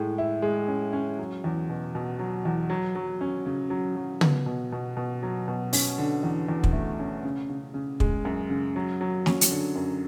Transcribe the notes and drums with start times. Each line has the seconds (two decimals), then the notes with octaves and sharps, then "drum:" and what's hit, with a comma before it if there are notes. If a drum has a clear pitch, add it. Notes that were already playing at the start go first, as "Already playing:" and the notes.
Already playing: A2 G#3
0.18 E4
0.42 G#3
0.68 C#4
0.93 C#4
1.18 F#3
1.44 E2
1.69 B2
1.95 B2
2.19 F#3
2.45 E2
2.70 F#3
2.95 F#3
3.21 C#4
3.46 C#3
3.70 F#3
3.96 F#3
4.21 B3, drum: tom
4.46 B2
4.72 B2
4.97 B2
5.23 F#3
5.48 B2
5.73 C#4, drum: open hi-hat
5.98 D3
6.23 E2
6.48 E2
6.64 drum: kick
6.73 A3
6.99 C#4
7.24 C#3
7.49 C#3
7.74 C#3
8.00 G#3, drum: kick
8.25 F#2
8.50 C#3
8.76 F#3
9.01 F#3
9.26 C#4, drum: snare
9.41 drum: hi-hat
9.51 D3
9.76 F#2